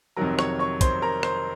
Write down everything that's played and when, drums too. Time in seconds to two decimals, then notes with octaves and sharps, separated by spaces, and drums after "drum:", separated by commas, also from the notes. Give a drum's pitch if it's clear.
0.17 F2 C3 D#3 F#3 A#4 A#5
0.39 C#5 C#6, drum: rim click
0.59 C#5 C#6
0.81 C5 C6, drum: kick, hi-hat
1.02 A#4 A#5
1.23 C5 C6, drum: rim click